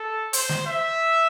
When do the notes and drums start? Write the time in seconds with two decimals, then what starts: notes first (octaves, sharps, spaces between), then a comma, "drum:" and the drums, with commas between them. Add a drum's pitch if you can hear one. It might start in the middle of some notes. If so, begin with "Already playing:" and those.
Already playing: A4
0.33 C5, drum: hi-hat
0.49 drum: snare
0.66 E5